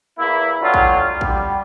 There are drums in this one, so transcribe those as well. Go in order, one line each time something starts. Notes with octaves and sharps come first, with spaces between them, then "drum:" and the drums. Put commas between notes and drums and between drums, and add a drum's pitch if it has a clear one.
E2 A#3 E4
D3 F#3 G3 F4
drum: kick
G3, drum: kick